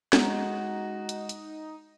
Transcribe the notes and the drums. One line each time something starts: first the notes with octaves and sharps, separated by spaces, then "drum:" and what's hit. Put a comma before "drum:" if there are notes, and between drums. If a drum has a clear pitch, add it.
G#3 D#4 F#4, drum: snare
drum: hi-hat
drum: hi-hat